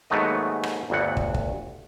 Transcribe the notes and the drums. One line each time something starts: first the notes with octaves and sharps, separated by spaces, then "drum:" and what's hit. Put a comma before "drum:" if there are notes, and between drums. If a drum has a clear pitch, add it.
D#2 G#2 F#3 A3 B3 D#5
drum: rim click
G1 D2 G2 F#5
drum: kick
drum: kick